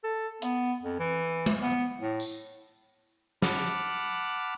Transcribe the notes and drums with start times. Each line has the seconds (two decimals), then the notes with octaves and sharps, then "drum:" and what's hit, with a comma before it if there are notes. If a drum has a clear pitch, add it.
0.04 A4
0.42 B3, drum: hi-hat
0.83 F2
1.00 E3
1.46 drum: tom G#3
1.62 B3
2.01 A2
2.20 drum: tambourine
3.42 F#5 A5 B5 D6 F6, drum: snare